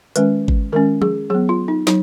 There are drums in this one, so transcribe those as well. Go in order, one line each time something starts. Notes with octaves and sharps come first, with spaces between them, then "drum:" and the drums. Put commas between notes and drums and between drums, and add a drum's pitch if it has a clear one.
D#3 G#3 C#4 B4, drum: hi-hat
drum: kick G#1
D#3 G#3 C#4 A#4
G#4, drum: tom F3
F#3 B3 G#4
F4
D#4
F#3 D#4, drum: snare